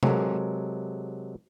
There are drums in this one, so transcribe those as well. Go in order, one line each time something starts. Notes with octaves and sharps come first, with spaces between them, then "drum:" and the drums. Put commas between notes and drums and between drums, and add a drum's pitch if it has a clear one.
C3 F#3 G#3 A4 A#4, drum: tom C3